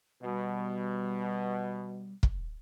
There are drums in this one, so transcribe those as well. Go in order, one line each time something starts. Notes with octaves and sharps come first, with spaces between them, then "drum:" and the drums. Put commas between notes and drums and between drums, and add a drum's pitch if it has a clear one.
B2 G3
drum: kick